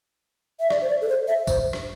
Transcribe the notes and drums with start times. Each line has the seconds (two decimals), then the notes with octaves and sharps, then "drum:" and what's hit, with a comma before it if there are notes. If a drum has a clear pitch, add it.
0.60 E5
0.70 D5, drum: rim click
0.81 C5
0.89 D5
1.01 A4
1.09 C5
1.28 E5
1.47 C5, drum: kick, tambourine
1.73 drum: rim click